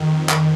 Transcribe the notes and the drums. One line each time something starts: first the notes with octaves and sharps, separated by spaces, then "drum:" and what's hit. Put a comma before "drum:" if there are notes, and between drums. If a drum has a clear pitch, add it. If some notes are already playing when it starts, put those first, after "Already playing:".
Already playing: F2 D#3
drum: clap